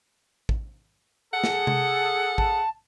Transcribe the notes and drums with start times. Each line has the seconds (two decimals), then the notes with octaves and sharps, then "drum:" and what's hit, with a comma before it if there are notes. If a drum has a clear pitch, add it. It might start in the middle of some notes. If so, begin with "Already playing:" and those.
0.49 drum: kick
1.34 G#4 A4 F#5
1.44 drum: snare
1.67 drum: tom C3
2.38 A5, drum: kick